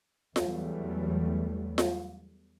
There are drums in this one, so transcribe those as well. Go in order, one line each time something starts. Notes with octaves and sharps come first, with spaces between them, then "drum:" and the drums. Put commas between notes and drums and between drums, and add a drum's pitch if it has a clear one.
E2 E3 F#3 G3 A3, drum: snare F4
drum: snare F4